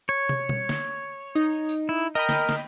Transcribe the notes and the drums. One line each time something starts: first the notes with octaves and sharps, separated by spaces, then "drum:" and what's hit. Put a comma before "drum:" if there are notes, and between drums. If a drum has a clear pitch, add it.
C#5
drum: tom
drum: tom B2
drum: snare
D#4
drum: tambourine
E4
A#4 D#5 G5 B5
drum: snare
drum: snare